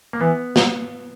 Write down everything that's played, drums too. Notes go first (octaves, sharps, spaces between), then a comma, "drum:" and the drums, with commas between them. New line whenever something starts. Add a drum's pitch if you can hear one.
A#3
E3 B3
F#3, drum: snare